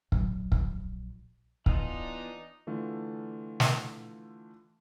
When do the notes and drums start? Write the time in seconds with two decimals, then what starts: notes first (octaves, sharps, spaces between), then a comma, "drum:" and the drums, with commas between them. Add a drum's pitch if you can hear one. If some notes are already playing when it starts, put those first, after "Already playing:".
0.12 A#1 F#3, drum: kick
0.52 drum: kick
1.66 E3 B3 D4 D#4 F4, drum: kick
2.67 D3 E3 A3 F4
3.60 drum: snare